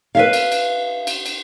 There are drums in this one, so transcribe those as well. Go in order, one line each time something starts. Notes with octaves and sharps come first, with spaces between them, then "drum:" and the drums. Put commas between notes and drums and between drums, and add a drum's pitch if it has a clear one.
B4 E5 F5
drum: cymbal
drum: cymbal
drum: cymbal
drum: cymbal